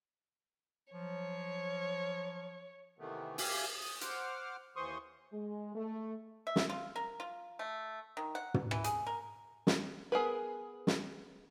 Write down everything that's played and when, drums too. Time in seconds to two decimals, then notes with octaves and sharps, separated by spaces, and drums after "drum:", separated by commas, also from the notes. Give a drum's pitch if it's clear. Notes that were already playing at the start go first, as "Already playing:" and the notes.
0.93 F3 F#3 C#5
2.99 C3 D#3 E3 A3 B3
3.38 G4 E5 F5 G#5, drum: open hi-hat
3.78 D#6
4.01 C5 F#5 D6 F6, drum: hi-hat
4.76 D#2 E3 C5 C6 C#6 D#6
5.33 G#3
5.75 A3
6.47 E5
6.56 drum: snare
6.69 F4
6.96 A#4
7.20 F4
7.59 A3
8.17 D#3
8.35 F#5
8.54 drum: tom
8.71 E3, drum: rim click
8.84 G#4, drum: hi-hat
9.06 A#4
9.67 drum: snare
10.12 B3 G#4 A#4 B4
10.87 drum: snare